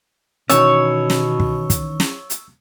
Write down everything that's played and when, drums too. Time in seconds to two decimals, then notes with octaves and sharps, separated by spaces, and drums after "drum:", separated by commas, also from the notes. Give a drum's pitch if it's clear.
0.50 B2 D#3 E3 C#4 C#5 C#6 E6, drum: hi-hat
1.10 drum: snare
1.40 drum: kick
1.70 drum: kick, hi-hat
2.00 drum: snare
2.30 drum: hi-hat